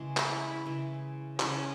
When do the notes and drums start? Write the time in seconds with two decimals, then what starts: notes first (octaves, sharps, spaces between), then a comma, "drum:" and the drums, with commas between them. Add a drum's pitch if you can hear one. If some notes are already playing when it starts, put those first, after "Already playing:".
Already playing: C#3 E3 G#3
0.17 drum: clap
0.28 E4
0.66 C#3 E3 G#3
1.40 C#3 E3 G#3 C#4, drum: clap